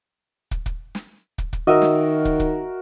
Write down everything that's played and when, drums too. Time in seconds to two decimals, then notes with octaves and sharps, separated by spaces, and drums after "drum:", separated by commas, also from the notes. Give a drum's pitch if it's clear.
0.51 drum: kick
0.66 drum: kick
0.95 drum: snare
1.38 drum: kick
1.53 drum: kick
1.67 D#3 F#4 A#4 D#5 E5
1.82 drum: snare
2.25 drum: kick
2.40 drum: kick